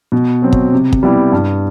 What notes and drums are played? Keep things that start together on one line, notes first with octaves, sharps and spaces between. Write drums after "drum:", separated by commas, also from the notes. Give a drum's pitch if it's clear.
B2
F#3 C4
drum: kick
C3
drum: kick
G3 B3 E4 G4
G2